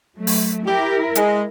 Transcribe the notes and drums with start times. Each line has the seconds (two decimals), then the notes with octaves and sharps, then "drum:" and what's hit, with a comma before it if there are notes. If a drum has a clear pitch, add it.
0.17 F#3 A3
0.27 drum: open hi-hat
0.66 E4 G4 A#4
1.15 G#3, drum: hi-hat